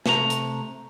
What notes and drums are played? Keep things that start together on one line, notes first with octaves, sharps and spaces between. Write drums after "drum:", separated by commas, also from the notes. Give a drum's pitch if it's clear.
C3 A3 A#5, drum: snare
drum: hi-hat